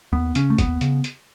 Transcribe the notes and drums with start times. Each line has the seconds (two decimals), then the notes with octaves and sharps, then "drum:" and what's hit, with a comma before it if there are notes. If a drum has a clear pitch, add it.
0.12 D#2 B3
0.35 C#3 C#4, drum: hi-hat
0.50 A3
0.58 D#2 B3, drum: kick, hi-hat
0.81 C#3, drum: hi-hat
1.04 drum: hi-hat